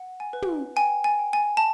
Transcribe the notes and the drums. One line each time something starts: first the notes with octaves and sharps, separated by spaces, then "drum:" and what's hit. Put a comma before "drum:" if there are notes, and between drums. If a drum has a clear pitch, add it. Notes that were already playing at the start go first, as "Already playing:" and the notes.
Already playing: F#5
G#5
B4
drum: tom
G5 G#5
G#5
G5
G#5
A5